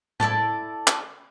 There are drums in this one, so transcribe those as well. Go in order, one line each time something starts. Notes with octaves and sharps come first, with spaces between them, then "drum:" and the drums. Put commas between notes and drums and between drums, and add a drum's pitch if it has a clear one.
E4 A4 D5 A5, drum: tom A2
drum: clap